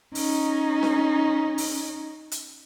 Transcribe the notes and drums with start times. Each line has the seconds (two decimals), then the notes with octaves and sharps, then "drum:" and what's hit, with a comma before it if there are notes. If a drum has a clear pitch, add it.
0.15 C#4 D#4, drum: open hi-hat
0.83 drum: snare D4
1.58 drum: open hi-hat
2.32 drum: hi-hat